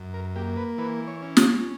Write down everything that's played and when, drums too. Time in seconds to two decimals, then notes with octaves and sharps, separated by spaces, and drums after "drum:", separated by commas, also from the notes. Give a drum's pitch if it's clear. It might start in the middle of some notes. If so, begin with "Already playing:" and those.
Already playing: F#2
0.14 A#4
0.35 A#3 G4
0.57 B4
0.78 E3 B4
1.07 C#5
1.22 C#4
1.37 C#5, drum: snare